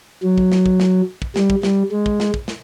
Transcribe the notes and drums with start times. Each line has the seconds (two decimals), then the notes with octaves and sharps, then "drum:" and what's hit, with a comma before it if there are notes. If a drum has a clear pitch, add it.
0.23 F#3
0.38 drum: kick
0.52 drum: snare
0.66 drum: kick
0.80 drum: snare
1.22 drum: kick
1.36 G3, drum: snare
1.50 drum: kick
1.63 G3, drum: snare
1.92 G#3
2.06 drum: kick
2.20 drum: snare
2.34 drum: kick
2.48 drum: snare